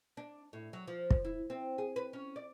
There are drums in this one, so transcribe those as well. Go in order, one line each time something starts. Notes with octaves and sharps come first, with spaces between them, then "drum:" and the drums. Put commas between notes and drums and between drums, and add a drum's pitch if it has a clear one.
D4
A2
F#3
F3
drum: kick
E4
C4
G#4
B4
C#4
D5